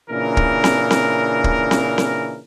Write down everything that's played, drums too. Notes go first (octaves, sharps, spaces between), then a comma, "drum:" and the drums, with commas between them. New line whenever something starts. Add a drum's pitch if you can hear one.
A#2 C#3 E3 D4 A#4
drum: kick
drum: snare C4
drum: snare C4
drum: kick
drum: snare C4
drum: snare C4